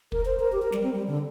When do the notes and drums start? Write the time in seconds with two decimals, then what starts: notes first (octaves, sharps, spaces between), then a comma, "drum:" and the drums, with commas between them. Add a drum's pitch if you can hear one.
0.12 A#4, drum: kick
0.25 C5
0.39 A#4
0.52 G4
0.62 A#4
0.72 G3, drum: snare
0.83 C4
0.93 G3
1.07 D3